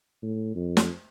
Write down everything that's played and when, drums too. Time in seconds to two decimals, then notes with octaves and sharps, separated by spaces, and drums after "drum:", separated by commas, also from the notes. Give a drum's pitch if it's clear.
0.22 A2
0.55 F2
0.77 drum: snare